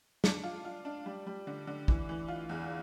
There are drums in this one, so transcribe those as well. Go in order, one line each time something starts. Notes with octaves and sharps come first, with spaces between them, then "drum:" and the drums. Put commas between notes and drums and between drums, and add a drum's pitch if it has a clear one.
D4, drum: snare
F4
F4
D4
G3
G3
D3
D3
E3, drum: kick
E3
F4
E2